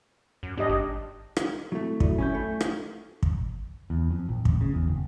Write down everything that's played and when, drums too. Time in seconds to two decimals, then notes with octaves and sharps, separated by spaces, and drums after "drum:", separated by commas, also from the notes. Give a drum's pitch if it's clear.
0.43 F#2
0.58 G2 D4 G4 D#5
0.69 G#1
1.37 drum: rim click
1.72 F#3 A3 C4 E4
2.00 E4 F#4 D5, drum: kick
2.18 C#4 E4 G#5 C#6 G6
2.35 A3
2.61 drum: rim click
3.23 drum: kick
3.90 E2
4.11 F2
4.29 A#1
4.45 A1, drum: kick
4.61 C#3
4.74 E2
4.88 F#1